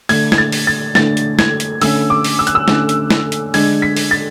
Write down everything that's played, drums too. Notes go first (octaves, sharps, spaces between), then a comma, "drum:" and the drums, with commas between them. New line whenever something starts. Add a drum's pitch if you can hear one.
D3 A3 D4 G#6, drum: open hi-hat
G#6, drum: snare
A6
drum: open hi-hat
A6
D3 A3 D4 A6, drum: snare
drum: hi-hat
G#6, drum: snare
drum: hi-hat
D3 A3 C#4 E6, drum: open hi-hat
D6
drum: open hi-hat
E6
F#6, drum: hi-hat
E6
D3 A3 C#4, drum: snare
drum: hi-hat
drum: snare
drum: hi-hat
D3 G#3 D4 G#6, drum: open hi-hat
B6
drum: open hi-hat
A6